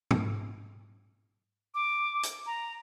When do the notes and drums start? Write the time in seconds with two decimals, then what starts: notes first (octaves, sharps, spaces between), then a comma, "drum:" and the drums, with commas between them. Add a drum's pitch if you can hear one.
0.11 drum: tom
1.75 D6
2.23 drum: hi-hat
2.46 A#5